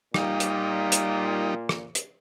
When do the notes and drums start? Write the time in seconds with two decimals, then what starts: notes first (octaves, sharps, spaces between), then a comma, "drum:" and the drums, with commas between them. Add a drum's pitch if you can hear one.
0.14 A#2 G3 D#4, drum: rim click
0.40 drum: hi-hat
0.92 drum: hi-hat
1.69 drum: rim click
1.95 drum: hi-hat